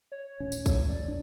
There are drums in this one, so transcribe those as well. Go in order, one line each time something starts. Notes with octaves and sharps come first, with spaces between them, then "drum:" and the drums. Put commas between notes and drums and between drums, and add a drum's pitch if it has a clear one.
C#5
D#1 A1 C#4
drum: tambourine
drum: kick A#1, tambourine
D5
F1 A#1 D4